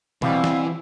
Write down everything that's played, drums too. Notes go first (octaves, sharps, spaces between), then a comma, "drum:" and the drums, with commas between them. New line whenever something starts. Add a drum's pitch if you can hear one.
B2 E3 G3 C4 F5, drum: tom B2
drum: snare